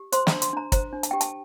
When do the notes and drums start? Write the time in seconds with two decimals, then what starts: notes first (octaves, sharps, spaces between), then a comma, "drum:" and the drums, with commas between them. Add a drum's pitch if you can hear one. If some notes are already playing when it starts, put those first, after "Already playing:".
Already playing: G4
0.12 C5 C6, drum: hi-hat
0.27 A#5, drum: snare
0.32 D4
0.42 C6, drum: hi-hat
0.53 D4 A#5
0.72 C5 A#5, drum: kick, hi-hat
0.92 D4
1.03 A5, drum: hi-hat
1.11 G4 G5
1.21 A5, drum: hi-hat